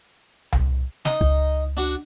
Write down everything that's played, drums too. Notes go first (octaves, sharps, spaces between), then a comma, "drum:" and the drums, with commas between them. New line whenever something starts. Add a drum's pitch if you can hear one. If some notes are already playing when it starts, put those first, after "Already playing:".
drum: tom C2
D#4 D#5, drum: snare
C#2, drum: kick
D4 F#4